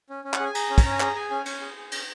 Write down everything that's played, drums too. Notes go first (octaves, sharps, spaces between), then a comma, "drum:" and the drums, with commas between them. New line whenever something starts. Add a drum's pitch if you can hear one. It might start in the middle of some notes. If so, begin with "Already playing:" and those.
C#4
C#4
F#5, drum: clap
G#4 G#5
G#4 A#5, drum: cymbal
C#4
A#5, drum: kick, cymbal
C#4
G#5
G#4 A#5, drum: clap
G#4 G#5
C#4 G#5
C#4 G#5, drum: cymbal
G#4
G#4
C#4, drum: cymbal